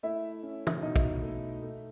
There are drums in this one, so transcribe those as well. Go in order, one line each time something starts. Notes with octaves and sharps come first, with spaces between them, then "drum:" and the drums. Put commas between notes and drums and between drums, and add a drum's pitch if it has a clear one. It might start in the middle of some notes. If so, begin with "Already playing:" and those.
A3 E4 E5
C#4
drum: tom
B2 D#4 D#5
drum: kick
A3
A3